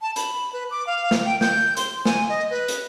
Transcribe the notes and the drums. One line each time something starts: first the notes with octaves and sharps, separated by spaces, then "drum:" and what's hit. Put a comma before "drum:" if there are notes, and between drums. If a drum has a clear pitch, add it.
A5
B5, drum: hi-hat
B4
D6
F5
drum: snare
G5
G6, drum: snare
C6, drum: hi-hat
G#5, drum: snare
D#5
B4
drum: hi-hat